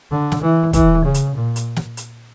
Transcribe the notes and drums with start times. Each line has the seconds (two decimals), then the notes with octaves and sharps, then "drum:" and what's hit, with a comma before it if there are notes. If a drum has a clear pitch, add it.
0.11 D3
0.32 drum: snare
0.42 E3
0.73 E3, drum: kick, hi-hat
1.05 C#3
1.14 drum: hi-hat
1.35 A#2
1.56 drum: hi-hat
1.76 drum: snare
1.97 drum: hi-hat